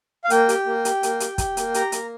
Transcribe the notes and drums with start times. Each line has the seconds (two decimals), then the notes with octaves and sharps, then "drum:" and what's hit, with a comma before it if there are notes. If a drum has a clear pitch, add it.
0.24 F5
0.30 A#3 G5, drum: hi-hat
0.49 G4, drum: hi-hat
0.66 A#3
0.85 G4, drum: hi-hat
1.03 A#3, drum: hi-hat
1.20 G4, drum: hi-hat
1.38 G4, drum: kick, hi-hat
1.57 A#3, drum: hi-hat
1.74 G4 A#5, drum: hi-hat
1.92 A#3, drum: hi-hat